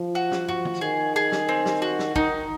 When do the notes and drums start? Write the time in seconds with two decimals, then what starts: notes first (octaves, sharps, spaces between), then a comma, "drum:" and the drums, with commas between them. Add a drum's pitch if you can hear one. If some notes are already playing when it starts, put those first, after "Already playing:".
Already playing: F3
0.15 F#4
0.32 drum: snare
0.49 F#4, drum: tom
0.65 drum: tom
0.81 D#3 G#4
1.16 G#4
1.32 drum: snare
1.49 C4
1.66 drum: snare
1.82 F#4
1.99 drum: snare
2.16 D#3 D#4, drum: kick